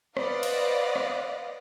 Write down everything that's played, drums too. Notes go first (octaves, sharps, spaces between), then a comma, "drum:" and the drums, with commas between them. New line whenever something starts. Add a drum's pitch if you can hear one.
B4 C5 D5 D#5 F5 F#5, drum: rim click
drum: cymbal
drum: rim click